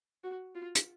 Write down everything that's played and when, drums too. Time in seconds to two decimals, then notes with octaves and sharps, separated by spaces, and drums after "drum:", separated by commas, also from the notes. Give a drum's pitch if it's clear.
0.24 F#4
0.55 F4
0.75 drum: hi-hat